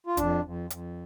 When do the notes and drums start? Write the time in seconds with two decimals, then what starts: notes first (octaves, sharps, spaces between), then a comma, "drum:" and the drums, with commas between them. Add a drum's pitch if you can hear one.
0.07 F4
0.17 F2 D4, drum: kick, hi-hat
0.44 F2
0.70 F2, drum: hi-hat